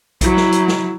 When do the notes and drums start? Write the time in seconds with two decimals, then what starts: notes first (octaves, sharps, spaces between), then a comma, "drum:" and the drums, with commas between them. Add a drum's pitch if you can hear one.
0.21 F#3 E4, drum: kick B1, hi-hat
0.37 drum: snare
0.52 drum: hi-hat
0.68 drum: snare